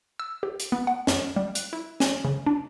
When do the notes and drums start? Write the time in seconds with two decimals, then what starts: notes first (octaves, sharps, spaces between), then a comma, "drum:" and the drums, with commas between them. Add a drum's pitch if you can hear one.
0.20 E6
0.43 G4
0.60 drum: hi-hat
0.72 B3
0.87 F#5
1.07 F#2, drum: snare
1.36 G3
1.55 F#6, drum: hi-hat
1.73 E4
2.00 G#5, drum: snare
2.25 C#3
2.47 D4